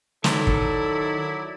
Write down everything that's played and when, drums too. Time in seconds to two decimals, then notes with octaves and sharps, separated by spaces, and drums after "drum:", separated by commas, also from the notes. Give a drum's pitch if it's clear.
0.24 D#3 F#3 E4 A4 D5, drum: snare
0.47 drum: kick